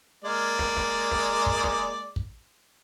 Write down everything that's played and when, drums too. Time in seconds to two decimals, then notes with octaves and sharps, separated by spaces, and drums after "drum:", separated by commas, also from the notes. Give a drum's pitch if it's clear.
0.24 G#3 A#3 D5
0.59 drum: snare
0.77 drum: snare
1.11 drum: snare
1.46 drum: kick
1.64 drum: snare
2.16 drum: kick